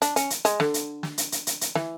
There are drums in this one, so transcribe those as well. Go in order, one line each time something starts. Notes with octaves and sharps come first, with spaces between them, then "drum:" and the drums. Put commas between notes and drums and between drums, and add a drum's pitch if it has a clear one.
D4, drum: hi-hat
C#4, drum: hi-hat
drum: hi-hat
G#3, drum: hi-hat
D3, drum: snare
drum: hi-hat
drum: snare
drum: hi-hat
drum: hi-hat
drum: hi-hat
drum: hi-hat
E3, drum: snare